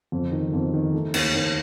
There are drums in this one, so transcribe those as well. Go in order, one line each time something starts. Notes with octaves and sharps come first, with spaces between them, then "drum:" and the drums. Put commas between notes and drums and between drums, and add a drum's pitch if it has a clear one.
F2
D#3
F2
D#3
A3
D#2, drum: cymbal
D#2